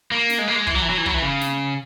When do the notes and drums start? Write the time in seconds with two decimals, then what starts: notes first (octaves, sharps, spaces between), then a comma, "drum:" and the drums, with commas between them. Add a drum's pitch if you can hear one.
0.11 A#3
0.30 drum: snare
0.39 G#3
0.48 A#3
0.56 G#3
0.67 E3, drum: kick
0.75 F#3
0.82 E3
0.90 F#3
0.98 E3
1.06 F#3, drum: kick
1.14 E3
1.22 C#3
1.41 drum: snare